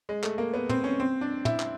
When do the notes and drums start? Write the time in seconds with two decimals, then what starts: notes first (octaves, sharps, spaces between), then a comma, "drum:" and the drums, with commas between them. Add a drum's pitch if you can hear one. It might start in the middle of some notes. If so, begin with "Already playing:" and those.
0.09 G#3
0.24 A3, drum: clap
0.38 A#3
0.54 B3
0.69 C4, drum: tom
0.84 C#4
1.00 C4
1.21 D4
1.45 E4, drum: tom
1.60 drum: clap